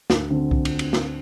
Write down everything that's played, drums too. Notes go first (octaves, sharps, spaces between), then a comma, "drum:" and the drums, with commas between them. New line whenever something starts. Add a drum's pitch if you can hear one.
D2, drum: snare
D3 C4
drum: kick C2
drum: cymbal
drum: cymbal
drum: snare